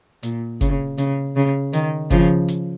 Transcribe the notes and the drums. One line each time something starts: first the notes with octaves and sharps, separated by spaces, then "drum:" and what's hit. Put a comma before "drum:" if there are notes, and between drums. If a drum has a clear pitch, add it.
A#2, drum: hi-hat
C#3, drum: kick, hi-hat
C#3, drum: hi-hat
C#3
D#3, drum: hi-hat
C#3 F3, drum: kick, hi-hat
drum: hi-hat